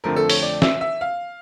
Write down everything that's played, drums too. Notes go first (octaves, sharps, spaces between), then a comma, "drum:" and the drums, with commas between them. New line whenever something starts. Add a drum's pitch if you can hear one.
F2 D3 F3 A3 A#4
A4
C#5, drum: open hi-hat
D5
E5, drum: snare
E5
F5